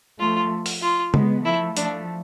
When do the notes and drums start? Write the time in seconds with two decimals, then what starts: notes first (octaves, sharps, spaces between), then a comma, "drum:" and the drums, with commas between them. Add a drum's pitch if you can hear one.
0.19 F3 A3 F4
0.66 drum: open hi-hat
0.82 F4
1.14 G#3 B3, drum: tom C#3
1.45 F3 A3 E4
1.77 F3 A3 D4, drum: hi-hat